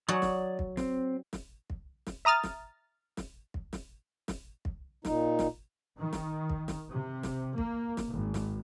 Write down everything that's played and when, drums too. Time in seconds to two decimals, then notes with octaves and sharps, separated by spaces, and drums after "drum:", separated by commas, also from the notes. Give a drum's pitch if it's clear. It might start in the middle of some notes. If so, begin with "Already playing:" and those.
0.09 F#3 C#5 D5 D#6
0.22 drum: snare
0.59 drum: kick
0.77 C4, drum: snare
1.33 drum: snare
1.70 drum: kick
2.07 drum: snare
2.25 E5 A#5 D#6 F6 A6
2.43 drum: snare
3.17 drum: snare
3.54 drum: kick
3.73 drum: snare
4.28 drum: snare
4.65 drum: kick
5.05 A#2 D#4, drum: snare
5.39 drum: snare
5.99 D#3
6.13 drum: snare
6.50 drum: kick
6.68 drum: snare
6.89 C3
7.23 drum: snare
7.58 A#3, drum: kick
7.97 drum: snare
8.11 G#1
8.34 drum: snare